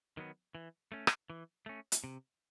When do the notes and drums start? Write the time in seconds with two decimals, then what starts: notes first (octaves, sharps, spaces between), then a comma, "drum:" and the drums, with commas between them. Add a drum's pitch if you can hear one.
0.17 D#3 F#3 B3
0.55 E3
0.92 A3 C#4
1.07 drum: rim click
1.30 E3
1.66 A3 C#4
1.92 drum: hi-hat
2.04 C3